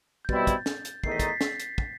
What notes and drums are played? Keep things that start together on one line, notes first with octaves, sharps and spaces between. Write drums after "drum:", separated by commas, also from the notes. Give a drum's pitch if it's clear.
G6
B2 G3 C4 E4 A6, drum: kick
drum: kick, hi-hat
drum: snare
drum: hi-hat
E2 D#3 A3 D#4 C7, drum: kick
B6
A6, drum: kick, hi-hat
B6
drum: snare
drum: hi-hat
drum: kick